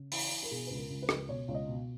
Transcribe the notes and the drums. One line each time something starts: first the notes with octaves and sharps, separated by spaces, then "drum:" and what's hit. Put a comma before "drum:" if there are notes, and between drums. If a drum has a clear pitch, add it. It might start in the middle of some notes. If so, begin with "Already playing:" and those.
Already playing: C#3
E3, drum: open hi-hat
E3
A#4
B2 G#4
C#2 B4
A#4
C#2
B4
C#2, drum: rim click
B2 C#5
C#2 C#5
D#5
B2